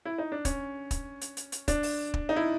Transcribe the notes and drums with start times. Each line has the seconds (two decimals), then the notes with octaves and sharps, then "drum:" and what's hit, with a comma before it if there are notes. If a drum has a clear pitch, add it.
0.05 E4
0.18 D#4
0.32 D4
0.45 C#4, drum: kick, hi-hat
0.91 drum: kick, hi-hat
1.21 drum: hi-hat
1.37 drum: hi-hat
1.52 drum: hi-hat
1.68 D4, drum: kick, hi-hat
1.83 drum: open hi-hat
2.14 drum: kick
2.29 D#4
2.36 E4